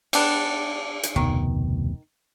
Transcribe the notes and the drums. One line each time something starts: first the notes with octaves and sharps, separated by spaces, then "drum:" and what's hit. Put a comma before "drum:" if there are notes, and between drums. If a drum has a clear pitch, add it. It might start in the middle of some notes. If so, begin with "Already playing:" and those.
G3 B3 D4, drum: cymbal
drum: hi-hat
F1 D2 B2 D#3